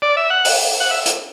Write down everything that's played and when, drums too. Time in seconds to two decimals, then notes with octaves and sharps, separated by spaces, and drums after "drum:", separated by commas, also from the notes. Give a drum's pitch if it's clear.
0.02 D5
0.17 E5
0.30 F#5
0.45 drum: open hi-hat
0.80 F#5
0.91 E5
1.06 drum: hi-hat